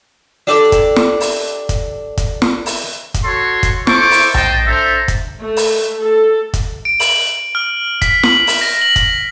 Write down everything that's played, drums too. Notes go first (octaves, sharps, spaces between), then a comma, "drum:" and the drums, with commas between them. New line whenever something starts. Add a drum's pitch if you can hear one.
D4 G4 A4 D5
drum: kick, hi-hat
drum: snare
drum: open hi-hat
drum: kick, hi-hat
drum: kick, hi-hat
drum: snare
drum: open hi-hat
drum: kick, hi-hat
F#4 A4 C#5 C6
drum: kick, hi-hat
E4 A4 C5 C#6 D6, drum: snare
drum: open hi-hat
C5 D#5 G5 A5, drum: tom A#1
D4 A4 C5 E5 A#5
drum: kick, hi-hat
A3
drum: open hi-hat
A4
drum: kick, hi-hat
D7
F#7, drum: open hi-hat
F6
B6, drum: kick, hi-hat
F#7, drum: snare
drum: open hi-hat
A#6
F#7
drum: kick, hi-hat